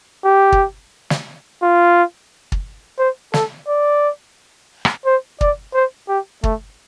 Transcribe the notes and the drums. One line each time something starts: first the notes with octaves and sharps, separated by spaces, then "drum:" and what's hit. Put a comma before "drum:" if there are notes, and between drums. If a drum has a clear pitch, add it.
G4
drum: kick
drum: snare
F4
drum: kick
C5
A4, drum: snare
D5
drum: rim click
C5
D5, drum: kick
C5
G4
A3, drum: kick